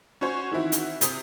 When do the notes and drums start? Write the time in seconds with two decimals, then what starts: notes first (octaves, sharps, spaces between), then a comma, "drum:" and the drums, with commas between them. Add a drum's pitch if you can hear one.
0.21 C#4 F#4 C5 C#5
0.51 D#3 E3 C4 E4 F#4
0.72 drum: hi-hat
1.01 C3 D#6, drum: hi-hat